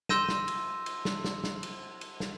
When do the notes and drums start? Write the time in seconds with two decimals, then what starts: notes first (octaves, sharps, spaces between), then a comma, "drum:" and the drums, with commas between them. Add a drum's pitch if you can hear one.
0.09 C6 E6 G6 A#6 D#7 E7, drum: snare
0.29 drum: snare
0.48 drum: cymbal
0.86 drum: cymbal
1.05 drum: snare
1.24 drum: snare
1.44 drum: snare
1.63 drum: cymbal
2.01 drum: cymbal
2.20 drum: snare